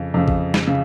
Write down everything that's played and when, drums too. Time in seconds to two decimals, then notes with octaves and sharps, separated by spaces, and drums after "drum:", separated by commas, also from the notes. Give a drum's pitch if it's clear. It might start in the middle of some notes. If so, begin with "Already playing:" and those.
Already playing: F2 C#3
0.14 F2 C#3
0.28 drum: kick G#1
0.54 drum: snare
0.67 C#3